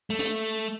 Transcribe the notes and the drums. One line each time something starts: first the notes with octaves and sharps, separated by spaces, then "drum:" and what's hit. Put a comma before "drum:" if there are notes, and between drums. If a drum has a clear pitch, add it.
A3
drum: hi-hat